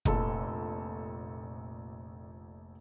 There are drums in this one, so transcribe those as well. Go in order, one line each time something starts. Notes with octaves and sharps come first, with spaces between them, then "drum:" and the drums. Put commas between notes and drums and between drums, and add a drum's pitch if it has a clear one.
F1 A#1 A4, drum: kick